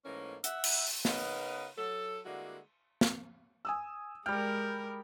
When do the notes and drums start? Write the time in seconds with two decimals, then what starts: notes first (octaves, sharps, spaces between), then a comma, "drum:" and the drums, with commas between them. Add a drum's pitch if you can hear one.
0.05 G#2 E3 A3 A#3 C#4
0.44 E5 F#5, drum: hi-hat
0.64 drum: cymbal
0.87 drum: open hi-hat
1.05 C#3 B3 D#4 A#4 B4 F#5, drum: snare
1.77 F#3 A4
2.25 D3 G3 G#3 A#3 E4 F#4
3.01 drum: snare
3.65 G#5 D#6 E6
4.26 G3 G#3 A#4 G5 F6